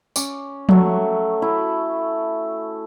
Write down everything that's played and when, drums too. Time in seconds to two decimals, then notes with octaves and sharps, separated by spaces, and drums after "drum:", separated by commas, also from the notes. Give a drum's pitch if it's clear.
0.16 C#4 D6, drum: tambourine
0.69 F#3 A3, drum: tom F3
1.42 E4 A4 B5